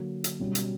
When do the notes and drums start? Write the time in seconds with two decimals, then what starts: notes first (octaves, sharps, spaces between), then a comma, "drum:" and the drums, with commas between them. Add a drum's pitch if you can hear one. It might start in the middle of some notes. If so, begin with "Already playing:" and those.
Already playing: D3 F#3 A#3
0.24 drum: hi-hat
0.39 B2 G3 C#4 F#4
0.55 drum: hi-hat